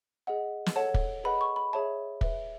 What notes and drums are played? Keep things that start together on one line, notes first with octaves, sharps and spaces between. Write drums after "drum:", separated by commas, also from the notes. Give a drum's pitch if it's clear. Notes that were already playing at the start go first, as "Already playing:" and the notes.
G#4 D#5 F#5
drum: snare
A4 C#5 F#5 A5
drum: kick
G#4 B4 D#5 F#5 B5
C#6
B5
G#4 C#5 E5 A5
B4 E5, drum: kick